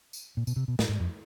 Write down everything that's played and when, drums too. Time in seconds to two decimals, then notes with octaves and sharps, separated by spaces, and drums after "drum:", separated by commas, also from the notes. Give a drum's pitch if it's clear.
0.13 drum: tambourine
0.37 A#2
0.47 B2, drum: tambourine
0.56 C3
0.68 B2
0.79 A2, drum: snare
0.89 G#2
1.00 F2